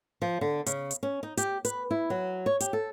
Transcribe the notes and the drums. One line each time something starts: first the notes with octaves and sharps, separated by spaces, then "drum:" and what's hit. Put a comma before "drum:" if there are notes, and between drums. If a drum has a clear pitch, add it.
F3
D3
C#3, drum: hi-hat
drum: hi-hat
C#4
D#4
G4, drum: hi-hat
B4, drum: hi-hat
E4
F#3
C#5
G4, drum: hi-hat
A4